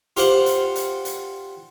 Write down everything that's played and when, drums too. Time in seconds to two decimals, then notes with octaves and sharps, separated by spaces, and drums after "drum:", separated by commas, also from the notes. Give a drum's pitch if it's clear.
0.17 F4 G4 C5 F#5, drum: hi-hat
0.46 drum: hi-hat
0.76 drum: hi-hat
1.05 drum: hi-hat